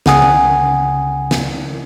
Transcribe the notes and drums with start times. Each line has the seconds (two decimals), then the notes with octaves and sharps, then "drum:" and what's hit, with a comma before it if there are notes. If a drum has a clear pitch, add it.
0.06 C#2 C#3 F#5 G#5 D#6, drum: snare
0.22 drum: tom D3
1.31 drum: snare